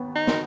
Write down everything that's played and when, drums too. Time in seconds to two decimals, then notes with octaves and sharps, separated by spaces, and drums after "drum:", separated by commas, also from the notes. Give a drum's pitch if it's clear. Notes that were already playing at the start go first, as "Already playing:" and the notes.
Already playing: D#2 B3
0.16 D#4
0.27 D#3, drum: snare